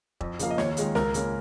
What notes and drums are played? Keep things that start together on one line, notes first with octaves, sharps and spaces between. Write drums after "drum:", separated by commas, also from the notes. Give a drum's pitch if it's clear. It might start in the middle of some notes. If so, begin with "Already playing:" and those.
F2, drum: kick E1
C#3 F3 A#3 F5, drum: hi-hat
D#5
D#2 C#5, drum: snare
D#3 G#3 F4, drum: hi-hat
C#2 A#4, drum: snare
C#3 A#3 C#4 F4, drum: hi-hat